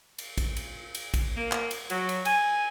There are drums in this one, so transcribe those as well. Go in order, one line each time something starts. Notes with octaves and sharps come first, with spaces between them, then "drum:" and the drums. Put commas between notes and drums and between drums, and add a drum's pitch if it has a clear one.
drum: cymbal
drum: kick, cymbal
drum: cymbal
drum: cymbal
drum: kick, cymbal
A#3
drum: clap
drum: cymbal
F#3, drum: cymbal
drum: cymbal
G#5, drum: cymbal